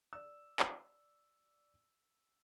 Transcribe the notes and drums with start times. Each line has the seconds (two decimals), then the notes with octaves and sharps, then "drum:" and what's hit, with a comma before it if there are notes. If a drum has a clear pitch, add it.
0.13 D5 E6
0.60 drum: clap